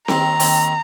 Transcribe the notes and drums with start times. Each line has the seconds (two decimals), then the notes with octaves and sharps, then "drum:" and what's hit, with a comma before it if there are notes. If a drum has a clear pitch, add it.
0.08 D#2 D#3 C4 A#5, drum: snare C4
0.40 D#2 D#3 C4, drum: open hi-hat